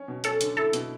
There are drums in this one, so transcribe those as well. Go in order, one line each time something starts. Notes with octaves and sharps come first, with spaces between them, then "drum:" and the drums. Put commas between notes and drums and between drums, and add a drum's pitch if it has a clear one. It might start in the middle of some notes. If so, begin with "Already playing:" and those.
Already playing: C#4
B2
C#4 A4, drum: hi-hat
D3, drum: hi-hat
E4 A4
B2, drum: hi-hat